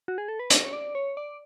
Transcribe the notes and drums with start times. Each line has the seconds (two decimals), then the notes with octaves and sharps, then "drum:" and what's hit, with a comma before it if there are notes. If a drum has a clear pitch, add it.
0.08 F#4
0.18 G#4
0.28 A4
0.39 B4
0.50 C#5, drum: hi-hat
0.64 C#5
0.73 D5
0.95 C#5
1.17 D5